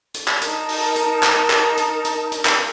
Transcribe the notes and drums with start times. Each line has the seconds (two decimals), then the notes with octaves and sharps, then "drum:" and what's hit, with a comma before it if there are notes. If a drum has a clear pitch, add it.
0.14 drum: hi-hat
0.28 drum: clap
0.42 D#4 A#4 A5, drum: hi-hat
0.69 drum: open hi-hat
0.96 drum: hi-hat
1.23 drum: clap
1.50 drum: clap
1.77 drum: hi-hat
2.05 drum: hi-hat
2.32 drum: hi-hat
2.45 drum: clap